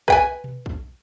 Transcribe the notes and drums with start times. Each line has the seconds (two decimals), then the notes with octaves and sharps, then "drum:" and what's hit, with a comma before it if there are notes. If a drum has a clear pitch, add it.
0.08 B4 G5 G#5, drum: kick
0.44 drum: tom B2
0.66 drum: kick